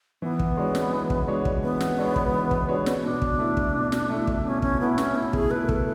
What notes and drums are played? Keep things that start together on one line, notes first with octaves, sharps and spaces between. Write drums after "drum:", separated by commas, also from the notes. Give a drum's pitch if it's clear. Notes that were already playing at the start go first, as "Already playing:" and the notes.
E3 B3
drum: kick
G#3 D4 F#4 C#5
drum: snare
E3
drum: kick
G#3 D4 F#4 C#5
drum: kick
E3 B3
drum: snare
G#3 D4 F#4 C#5
drum: kick
E3
drum: kick
G#3 D4 F#4 C#5
drum: snare
B2 D4
drum: kick
A3 E4
drum: kick
B2
drum: snare
A3 E4
drum: kick
B2 C#4
C#4, drum: kick
A3 B3 E4
C#4, drum: snare
B2 E4
G#4, drum: kick
A3 E4 B4
A4, drum: kick